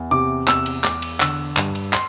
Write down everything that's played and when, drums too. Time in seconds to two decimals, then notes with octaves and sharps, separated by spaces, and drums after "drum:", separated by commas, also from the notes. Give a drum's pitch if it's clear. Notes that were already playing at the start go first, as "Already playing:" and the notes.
Already playing: E2
0.11 C3 D6
0.48 E2 E6, drum: clap
0.66 drum: cymbal
0.84 E2 D6, drum: clap
1.02 drum: cymbal
1.20 D3 E6, drum: clap
1.57 G2, drum: clap
1.75 drum: cymbal
1.93 C6, drum: clap